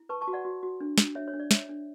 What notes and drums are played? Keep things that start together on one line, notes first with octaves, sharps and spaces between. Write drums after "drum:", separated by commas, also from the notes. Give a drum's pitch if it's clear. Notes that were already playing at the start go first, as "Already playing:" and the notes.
Already playing: E4
B4 A5 C#6
A5 C#6
F#4
D5 F#5
F#4
F#4
D4
D4, drum: snare
D4 C#5 E5
C#5
D4
D5
C#5 E5, drum: snare
D4